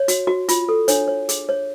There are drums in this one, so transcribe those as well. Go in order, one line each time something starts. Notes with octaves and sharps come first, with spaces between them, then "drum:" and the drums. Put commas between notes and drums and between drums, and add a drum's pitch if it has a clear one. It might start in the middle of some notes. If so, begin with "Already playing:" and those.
Already playing: C#5
F#4, drum: hi-hat
F#4
F4, drum: hi-hat
A4
D4 C#5, drum: hi-hat
C#5
G#4, drum: hi-hat
C#5